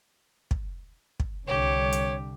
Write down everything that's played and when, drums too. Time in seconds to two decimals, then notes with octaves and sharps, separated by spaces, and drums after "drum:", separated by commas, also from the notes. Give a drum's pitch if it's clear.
0.51 drum: kick
1.20 drum: kick
1.47 C2 D3 G4 C#5
1.92 drum: hi-hat